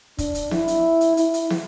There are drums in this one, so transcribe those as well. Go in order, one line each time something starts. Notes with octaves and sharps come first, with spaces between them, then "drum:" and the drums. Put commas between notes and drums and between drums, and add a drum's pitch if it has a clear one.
D4, drum: kick, hi-hat
drum: hi-hat
E4, drum: snare
drum: hi-hat
drum: hi-hat
E4, drum: hi-hat
drum: hi-hat
drum: snare